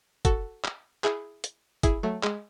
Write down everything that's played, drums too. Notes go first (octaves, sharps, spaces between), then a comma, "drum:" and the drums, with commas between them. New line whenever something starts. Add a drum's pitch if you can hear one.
F#4 A4, drum: kick, hi-hat
drum: clap
E4 G#4, drum: clap
drum: hi-hat
E4 G#4, drum: kick, hi-hat
F#3 A3
G#3, drum: clap